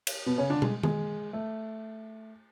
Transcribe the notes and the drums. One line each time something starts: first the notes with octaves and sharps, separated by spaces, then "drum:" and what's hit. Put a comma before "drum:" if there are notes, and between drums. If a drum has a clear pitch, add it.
drum: cymbal
B2 B3
C#3 C#4
D3 D4
G#3, drum: tom
G#3, drum: tom D#3
A3